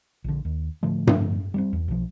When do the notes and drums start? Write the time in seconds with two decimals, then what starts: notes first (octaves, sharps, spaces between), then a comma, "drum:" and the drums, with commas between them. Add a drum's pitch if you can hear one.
0.24 A#1 D3
0.45 D#2
0.83 A2 D3 F3 A3
1.07 drum: tom G2
1.54 G3 B3 C4
1.73 E2
1.88 B1 B2 D#3 F3